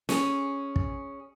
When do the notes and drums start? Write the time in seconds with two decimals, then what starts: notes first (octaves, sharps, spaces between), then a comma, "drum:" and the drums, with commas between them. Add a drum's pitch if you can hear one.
0.09 C#4 G#4, drum: snare
0.76 drum: kick